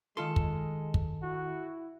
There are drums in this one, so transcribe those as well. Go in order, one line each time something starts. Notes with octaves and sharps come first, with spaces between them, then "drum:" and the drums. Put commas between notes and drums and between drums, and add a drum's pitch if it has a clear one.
D#3 G#3 F4 A4 C6
drum: kick
drum: kick
E4 F#4